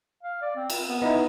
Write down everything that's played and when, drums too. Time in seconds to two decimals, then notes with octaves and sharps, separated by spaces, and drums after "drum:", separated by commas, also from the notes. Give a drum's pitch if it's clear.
0.23 F5
0.42 D5
0.56 C4
0.70 drum: cymbal
0.89 B3
1.02 B3 D#4 E4 D#5